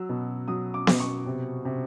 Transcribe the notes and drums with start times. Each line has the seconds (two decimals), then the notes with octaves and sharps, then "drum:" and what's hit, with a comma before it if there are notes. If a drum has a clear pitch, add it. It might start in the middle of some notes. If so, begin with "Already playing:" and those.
Already playing: F#3 E6
0.09 B2
0.48 F#3 D#6
0.74 D6
0.87 B2, drum: snare B3
1.00 C#6
1.26 C3
1.65 C3